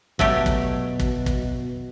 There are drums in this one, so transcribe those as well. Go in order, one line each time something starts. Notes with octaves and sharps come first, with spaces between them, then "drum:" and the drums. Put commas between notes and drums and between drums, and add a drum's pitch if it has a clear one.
B2 F#3 A3 G4, drum: kick
drum: kick
drum: kick
drum: kick